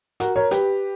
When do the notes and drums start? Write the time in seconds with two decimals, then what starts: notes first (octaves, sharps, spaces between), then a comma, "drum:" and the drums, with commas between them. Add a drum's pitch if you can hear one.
0.20 F#4 A#4, drum: hi-hat
0.36 A#4 C#5
0.51 G4 B4, drum: hi-hat